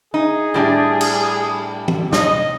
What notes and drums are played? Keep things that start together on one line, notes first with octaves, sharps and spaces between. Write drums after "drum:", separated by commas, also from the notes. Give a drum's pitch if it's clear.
D#4 G#4
A2 G3 D4
drum: cymbal
drum: tom E3
D#5, drum: snare